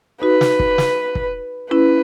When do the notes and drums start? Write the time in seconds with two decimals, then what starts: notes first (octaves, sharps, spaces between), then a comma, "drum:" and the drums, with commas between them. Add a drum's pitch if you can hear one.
0.22 D#4 F#4 B4
0.41 drum: snare
0.59 drum: kick
0.78 drum: snare
1.15 drum: kick
1.71 C#4 E4 B4